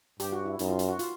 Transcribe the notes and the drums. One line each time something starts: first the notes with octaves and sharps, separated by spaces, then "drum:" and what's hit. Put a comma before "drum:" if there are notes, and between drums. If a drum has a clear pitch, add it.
G2 G4, drum: hi-hat
F#4
E4
F#2 D#4, drum: hi-hat
F4
drum: hi-hat
F#4
F4, drum: hi-hat